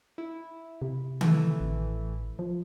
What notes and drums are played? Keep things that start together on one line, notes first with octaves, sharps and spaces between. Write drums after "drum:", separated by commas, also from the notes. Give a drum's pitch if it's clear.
E4
C3
E3 A3, drum: tom D#3
A1
F3